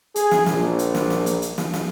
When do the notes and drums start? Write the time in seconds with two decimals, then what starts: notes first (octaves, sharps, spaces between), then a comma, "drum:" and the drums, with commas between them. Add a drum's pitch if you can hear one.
0.16 G#4, drum: hi-hat
0.31 drum: snare
0.46 A#1, drum: snare
0.79 drum: hi-hat
0.95 drum: snare
1.10 drum: snare
1.26 drum: hi-hat
1.42 drum: hi-hat
1.58 drum: snare
1.74 drum: snare